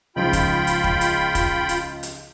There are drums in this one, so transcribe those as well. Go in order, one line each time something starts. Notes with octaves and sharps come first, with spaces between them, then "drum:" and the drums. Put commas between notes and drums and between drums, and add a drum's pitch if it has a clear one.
C#2 F3 D#4 F4 G5 B5
drum: kick E1, hi-hat
drum: hi-hat
drum: kick E1
drum: hi-hat
drum: kick E1, hi-hat
drum: hi-hat
drum: hi-hat